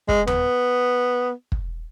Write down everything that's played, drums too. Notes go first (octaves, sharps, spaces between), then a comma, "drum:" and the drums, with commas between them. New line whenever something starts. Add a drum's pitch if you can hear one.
G#3, drum: kick
B3, drum: tom D#2
drum: kick